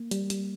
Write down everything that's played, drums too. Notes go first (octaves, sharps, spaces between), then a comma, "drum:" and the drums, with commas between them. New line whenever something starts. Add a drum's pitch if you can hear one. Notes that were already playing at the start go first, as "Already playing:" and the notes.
Already playing: A#3
G3, drum: hi-hat
G3, drum: hi-hat